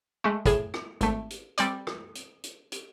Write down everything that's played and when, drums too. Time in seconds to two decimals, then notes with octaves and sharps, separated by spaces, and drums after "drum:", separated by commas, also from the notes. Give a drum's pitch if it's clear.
0.24 G#3 A3
0.46 A2 G#4 E7, drum: kick, hi-hat
0.74 drum: rim click
1.01 G#1 A3, drum: hi-hat
1.30 drum: hi-hat
1.58 G3 C4 D5, drum: hi-hat
1.87 drum: rim click
2.15 drum: hi-hat
2.43 drum: hi-hat
2.72 drum: hi-hat